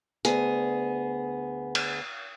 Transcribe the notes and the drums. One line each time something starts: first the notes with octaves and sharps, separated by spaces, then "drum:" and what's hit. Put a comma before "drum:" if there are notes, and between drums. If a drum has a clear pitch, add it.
D2 B3 G#4, drum: hi-hat
drum: cymbal